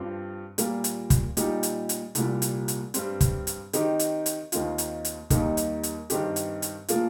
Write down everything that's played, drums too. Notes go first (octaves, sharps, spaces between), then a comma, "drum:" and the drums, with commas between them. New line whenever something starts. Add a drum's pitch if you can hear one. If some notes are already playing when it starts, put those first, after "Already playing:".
Already playing: G2 F3 C4 G4
A#2 G3 A#3 F4, drum: hi-hat
drum: hi-hat
drum: kick, hi-hat
A#2 G3 D#4 G4, drum: hi-hat
drum: hi-hat
drum: hi-hat
C2 A#2 G3, drum: hi-hat
drum: hi-hat
drum: hi-hat
G2 G3 C4, drum: hi-hat
drum: kick, hi-hat
drum: hi-hat
D#3 C4 D#4 G4, drum: hi-hat
drum: hi-hat
drum: hi-hat
D#2 D#3 C4 F4, drum: hi-hat
drum: hi-hat
drum: hi-hat
D#2 D#3 G3 A#3 D#4, drum: kick, hi-hat
drum: hi-hat
drum: hi-hat
G2 D#3 C4 G4, drum: hi-hat
drum: hi-hat
drum: hi-hat
A#2 F3 A#3 F4, drum: hi-hat